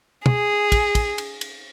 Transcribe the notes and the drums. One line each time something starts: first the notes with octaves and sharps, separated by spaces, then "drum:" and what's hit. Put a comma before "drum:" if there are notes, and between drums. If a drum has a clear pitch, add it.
G#4, drum: tom
drum: kick, cymbal
drum: kick, cymbal
drum: cymbal
drum: cymbal